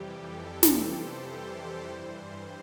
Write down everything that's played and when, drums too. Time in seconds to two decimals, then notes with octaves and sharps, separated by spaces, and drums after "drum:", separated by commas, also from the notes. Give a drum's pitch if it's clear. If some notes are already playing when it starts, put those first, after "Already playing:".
Already playing: F2 C3 E3 G3 G4
0.20 A4
0.63 drum: snare
0.76 C5
1.32 C5
1.88 G2 E3 G3